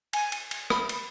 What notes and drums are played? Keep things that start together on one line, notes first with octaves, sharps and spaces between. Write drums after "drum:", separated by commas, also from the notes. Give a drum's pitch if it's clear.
G#5, drum: cymbal
drum: cymbal
drum: cymbal
B5, drum: rim click
drum: cymbal